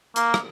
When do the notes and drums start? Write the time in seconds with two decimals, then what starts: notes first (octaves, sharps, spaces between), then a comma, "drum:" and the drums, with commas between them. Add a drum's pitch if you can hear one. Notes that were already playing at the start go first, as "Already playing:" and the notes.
0.16 A#3, drum: hi-hat
0.34 drum: rim click